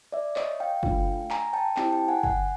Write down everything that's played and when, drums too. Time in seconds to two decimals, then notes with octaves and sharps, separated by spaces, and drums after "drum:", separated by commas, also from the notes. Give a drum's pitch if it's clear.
0.12 D5 E5
0.36 C#5 D#5, drum: clap
0.60 F5 G5
0.83 A3 D4 F4, drum: kick
1.31 G#5 A#5, drum: clap
1.53 G5 A5
1.77 C4 E4 G4 G5 A5, drum: clap
1.92 G5 A5
2.08 F#5 G#5
2.23 F#5 G#5, drum: kick